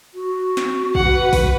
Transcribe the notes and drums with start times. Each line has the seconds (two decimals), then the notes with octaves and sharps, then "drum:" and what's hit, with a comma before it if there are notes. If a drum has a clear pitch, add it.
0.14 F#4
0.57 drum: snare
0.95 B4 F#5, drum: kick
1.33 drum: kick, open hi-hat